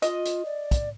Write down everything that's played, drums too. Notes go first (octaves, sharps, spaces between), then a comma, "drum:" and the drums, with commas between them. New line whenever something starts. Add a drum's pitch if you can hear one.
F4 D#5, drum: hi-hat
drum: hi-hat
D5
drum: kick, hi-hat